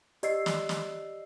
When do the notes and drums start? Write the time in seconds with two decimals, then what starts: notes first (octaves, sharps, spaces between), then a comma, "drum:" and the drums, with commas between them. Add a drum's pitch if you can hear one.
0.23 G4 D5 D#5 E6 C7, drum: hi-hat
0.46 drum: snare
0.69 drum: snare